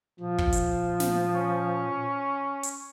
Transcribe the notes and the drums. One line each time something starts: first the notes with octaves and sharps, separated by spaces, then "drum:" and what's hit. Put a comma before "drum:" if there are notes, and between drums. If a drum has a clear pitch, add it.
A#2 F3
drum: kick
drum: hi-hat
drum: snare
C#4
drum: hi-hat